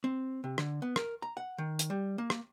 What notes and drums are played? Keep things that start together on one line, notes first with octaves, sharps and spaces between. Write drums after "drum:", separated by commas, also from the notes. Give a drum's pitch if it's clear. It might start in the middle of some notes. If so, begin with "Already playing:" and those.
C4
C3
D3, drum: rim click
B3
A#4, drum: rim click
A#5
F#5
D#3
drum: hi-hat
G3
A#3
drum: rim click